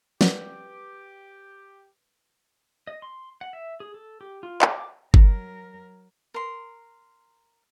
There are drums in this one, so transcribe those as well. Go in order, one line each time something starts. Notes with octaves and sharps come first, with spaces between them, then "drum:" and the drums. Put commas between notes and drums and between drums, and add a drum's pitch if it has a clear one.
G4 B4 D5 F#5, drum: snare
D#5
C6
F#5
E5
G#4
A4
G4
F4
D6, drum: clap
F#3 A#4, drum: kick G1
A#4 C6